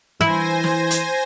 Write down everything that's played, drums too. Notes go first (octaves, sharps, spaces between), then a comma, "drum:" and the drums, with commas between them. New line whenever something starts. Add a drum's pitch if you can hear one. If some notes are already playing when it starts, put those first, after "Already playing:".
E3 E4 C5 G#5 A#6, drum: snare
drum: snare
drum: hi-hat